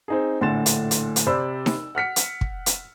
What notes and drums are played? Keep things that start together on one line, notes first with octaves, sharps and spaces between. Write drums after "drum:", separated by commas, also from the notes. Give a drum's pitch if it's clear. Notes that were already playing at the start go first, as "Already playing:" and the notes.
C4 D#4 G#4
A#1 A2 D3 C6 A6 E7
drum: hi-hat
drum: hi-hat
drum: hi-hat
C3 C5 D5 B5 E6
drum: snare D#4
F#5 F6 B6 C#7
drum: hi-hat
drum: kick
drum: hi-hat